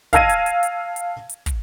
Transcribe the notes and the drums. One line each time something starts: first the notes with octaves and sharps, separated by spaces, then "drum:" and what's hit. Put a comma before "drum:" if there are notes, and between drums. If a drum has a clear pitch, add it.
F5 A5 E6 G#6 A#6 D#7, drum: kick, hi-hat
drum: hi-hat
drum: hi-hat
drum: hi-hat
drum: hi-hat
drum: hi-hat
drum: kick, hi-hat